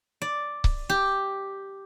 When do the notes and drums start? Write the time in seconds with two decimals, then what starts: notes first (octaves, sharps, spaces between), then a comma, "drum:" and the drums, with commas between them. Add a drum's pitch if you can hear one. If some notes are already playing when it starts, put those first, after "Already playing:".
0.22 D5
0.64 drum: kick C#1
0.90 G4